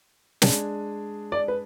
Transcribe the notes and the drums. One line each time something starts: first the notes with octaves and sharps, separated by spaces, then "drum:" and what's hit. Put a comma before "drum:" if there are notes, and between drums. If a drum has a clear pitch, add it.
G#3 D4 G#4, drum: snare
D5
B4